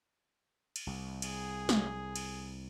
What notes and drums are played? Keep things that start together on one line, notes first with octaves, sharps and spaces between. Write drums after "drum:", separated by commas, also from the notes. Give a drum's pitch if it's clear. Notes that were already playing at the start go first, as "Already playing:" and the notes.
drum: cymbal
C2
G#4, drum: cymbal
drum: snare
drum: cymbal